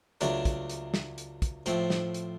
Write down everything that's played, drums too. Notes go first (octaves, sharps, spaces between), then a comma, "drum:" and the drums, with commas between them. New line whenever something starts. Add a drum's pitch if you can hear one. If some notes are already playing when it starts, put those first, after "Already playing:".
C#2 C#3 F#3 A3 D4, drum: hi-hat
drum: kick, hi-hat
drum: hi-hat
drum: snare
drum: hi-hat
drum: kick, hi-hat
A2 F3 A3 C4, drum: hi-hat
drum: snare
drum: hi-hat